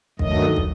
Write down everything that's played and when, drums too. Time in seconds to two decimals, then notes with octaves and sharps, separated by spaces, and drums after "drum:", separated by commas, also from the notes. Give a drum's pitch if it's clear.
0.19 G2 D#3 F#3 A3 D#5, drum: kick
0.56 drum: kick